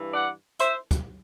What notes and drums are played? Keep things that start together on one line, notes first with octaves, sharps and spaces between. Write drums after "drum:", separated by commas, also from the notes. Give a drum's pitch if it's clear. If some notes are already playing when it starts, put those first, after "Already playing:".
Already playing: G2 E3
D5 F#5
C5 E5, drum: hi-hat
drum: kick, hi-hat